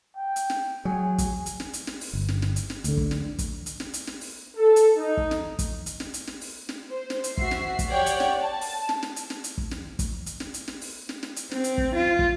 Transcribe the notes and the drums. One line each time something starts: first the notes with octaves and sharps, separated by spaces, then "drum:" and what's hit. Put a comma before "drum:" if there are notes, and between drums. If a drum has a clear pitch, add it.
G5
drum: hi-hat
drum: snare
F#3 G#4
drum: kick, hi-hat
drum: hi-hat
drum: snare
drum: hi-hat
drum: snare
drum: open hi-hat
G1
drum: snare
drum: snare
drum: hi-hat
drum: snare
D2 D3, drum: hi-hat
drum: kick
drum: snare
drum: kick, hi-hat
drum: hi-hat
drum: snare
drum: hi-hat
drum: snare
drum: open hi-hat
A4
drum: hi-hat
D#4
drum: kick
drum: snare
drum: kick, hi-hat
drum: hi-hat
drum: snare
drum: hi-hat
drum: snare
drum: open hi-hat
drum: snare
C5
drum: snare
drum: hi-hat
F#4 E5 C7, drum: kick
drum: snare
drum: kick, hi-hat
G4 C#5 D5 F#5 G5
drum: hi-hat
drum: snare
A5
drum: open hi-hat
drum: snare
drum: snare
drum: hi-hat
drum: snare
drum: hi-hat
drum: kick
drum: snare
drum: kick, hi-hat
drum: hi-hat
drum: snare
drum: hi-hat
drum: snare
drum: open hi-hat
drum: snare
drum: snare
drum: hi-hat
C4, drum: snare
drum: hi-hat
drum: kick
F4
drum: kick